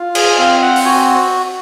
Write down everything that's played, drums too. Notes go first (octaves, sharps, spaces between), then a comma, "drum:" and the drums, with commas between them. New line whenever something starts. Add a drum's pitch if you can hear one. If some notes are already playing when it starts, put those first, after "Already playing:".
Already playing: F4
G#4, drum: cymbal
C4 F5
F#5
drum: open hi-hat
F#4 G#5